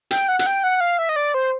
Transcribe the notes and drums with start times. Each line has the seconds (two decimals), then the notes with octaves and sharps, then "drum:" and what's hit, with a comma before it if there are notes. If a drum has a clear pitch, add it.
0.11 G5, drum: hi-hat
0.28 F#5
0.39 F#5, drum: hi-hat
0.46 G5
0.64 F#5
0.81 F5
0.99 E5
1.09 D#5
1.16 D5
1.34 C5